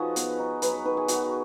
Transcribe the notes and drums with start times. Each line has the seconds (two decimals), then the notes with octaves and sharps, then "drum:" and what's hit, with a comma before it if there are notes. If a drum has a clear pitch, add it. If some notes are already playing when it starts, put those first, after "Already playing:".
Already playing: F3 D#4 F#4 G#4 B4 C#5
0.16 B3, drum: hi-hat
0.39 D#4
0.62 F#3 B4, drum: hi-hat
0.74 C#5
0.85 D#3 B4
0.97 G#4
1.08 B3 F#4, drum: hi-hat